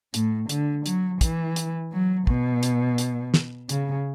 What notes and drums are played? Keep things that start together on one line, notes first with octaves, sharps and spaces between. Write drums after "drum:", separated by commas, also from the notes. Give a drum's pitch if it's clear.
A2, drum: hi-hat
D3, drum: hi-hat
F#3, drum: hi-hat
E3, drum: kick, hi-hat
drum: hi-hat
F#3
B2, drum: kick
drum: hi-hat
drum: hi-hat
drum: snare
C#3, drum: hi-hat